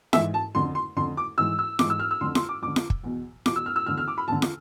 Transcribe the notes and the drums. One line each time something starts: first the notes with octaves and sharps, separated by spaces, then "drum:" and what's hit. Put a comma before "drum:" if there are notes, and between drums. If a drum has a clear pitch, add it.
G#2 E3 E5, drum: snare
A5
F2 D3 C6
C6
F2 D3 C6
D6
G#2 E3 E6
E6
G#2 E3 D6, drum: snare
E6
F6
E6
F2 D3 C6
C6, drum: snare
D6
F2 D3 D6
drum: snare
drum: kick
E2 B2
E2 B2 D6, drum: snare
E6
F6
E6
E2 D3 F6
F6
D6
B5
E2 D3 A5
drum: snare